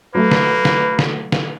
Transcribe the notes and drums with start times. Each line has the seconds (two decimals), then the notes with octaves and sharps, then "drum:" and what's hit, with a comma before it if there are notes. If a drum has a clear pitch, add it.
0.15 F#3 A3 A#3 B4
0.31 drum: snare
0.65 drum: snare
0.99 drum: snare
1.32 drum: snare